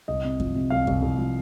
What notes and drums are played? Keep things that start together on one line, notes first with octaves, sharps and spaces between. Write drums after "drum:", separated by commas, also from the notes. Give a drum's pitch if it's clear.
C2 D#5
C3
F3, drum: kick F#2
C3
C2 F5
C2, drum: kick F#2
C2
F3